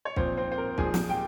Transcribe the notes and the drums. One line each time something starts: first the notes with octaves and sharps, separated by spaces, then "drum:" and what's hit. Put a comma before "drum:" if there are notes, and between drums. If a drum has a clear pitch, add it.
C#5
A#2 F3 C4 C5, drum: kick
C4 C5
C5
A#4
A#2 F3 G#4 G#5, drum: kick
drum: snare
G4 G5